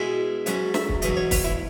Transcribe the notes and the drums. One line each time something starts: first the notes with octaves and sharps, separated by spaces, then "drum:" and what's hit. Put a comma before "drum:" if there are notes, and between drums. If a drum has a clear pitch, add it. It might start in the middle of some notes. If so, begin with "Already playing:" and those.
Already playing: B2 G#3 B3 E4
G#2 F#3 C#4 F#5, drum: hi-hat
E5, drum: snare
drum: kick
E2 B2 F#3 D#5, drum: hi-hat
C#5
B4, drum: kick, open hi-hat
E4